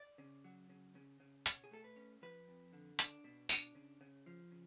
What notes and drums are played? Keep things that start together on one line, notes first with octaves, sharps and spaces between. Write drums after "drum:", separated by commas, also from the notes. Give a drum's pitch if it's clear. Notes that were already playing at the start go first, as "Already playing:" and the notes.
Already playing: D5
C#3
F#3
C#3
C#3
C#3
B2 C#5, drum: hi-hat
G#4
A3 A4
B4
C#4
F3 B4
F2
D3
D4, drum: hi-hat
B2
D4, drum: tambourine
C#3
C#3
F3
C#3